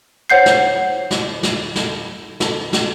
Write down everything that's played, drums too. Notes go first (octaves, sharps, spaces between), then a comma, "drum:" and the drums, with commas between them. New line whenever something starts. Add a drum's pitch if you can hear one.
C5 C#5 F#5 G6 C7
drum: snare
drum: snare
drum: snare
drum: snare
drum: snare
drum: snare